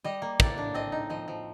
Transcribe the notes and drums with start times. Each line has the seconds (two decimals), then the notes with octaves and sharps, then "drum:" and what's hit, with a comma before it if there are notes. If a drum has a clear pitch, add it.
0.04 G3 D#5
0.22 A#3
0.40 A2 D5, drum: kick
0.58 D4
0.74 C4 D#5
0.92 D#4
1.10 F3 D#5
1.28 F3